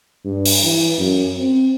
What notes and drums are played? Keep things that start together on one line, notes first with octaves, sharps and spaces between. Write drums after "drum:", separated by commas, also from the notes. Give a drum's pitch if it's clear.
G2
drum: open hi-hat
E3
F#2
C4